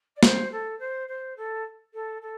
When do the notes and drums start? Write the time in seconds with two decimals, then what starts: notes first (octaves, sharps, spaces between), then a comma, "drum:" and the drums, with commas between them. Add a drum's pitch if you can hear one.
0.16 D5
0.23 C5, drum: snare A#3
0.51 A4
0.79 C5
1.08 C5
1.36 A4
1.93 A4
2.21 A4